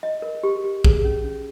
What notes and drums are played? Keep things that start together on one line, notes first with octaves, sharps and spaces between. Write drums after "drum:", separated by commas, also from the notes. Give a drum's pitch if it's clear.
D#5
A#4
G4
G4
G#4, drum: kick
C#4
C#4